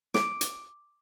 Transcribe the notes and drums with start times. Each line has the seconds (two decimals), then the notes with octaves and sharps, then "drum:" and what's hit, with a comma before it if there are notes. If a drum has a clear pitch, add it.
0.14 D6, drum: snare
0.41 drum: hi-hat